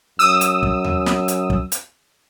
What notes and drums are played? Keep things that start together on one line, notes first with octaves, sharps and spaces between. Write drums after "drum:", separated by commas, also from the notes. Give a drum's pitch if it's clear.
F#2 D#6 E6
drum: hi-hat
drum: kick
drum: tom D#2
drum: snare
drum: hi-hat
drum: kick
drum: hi-hat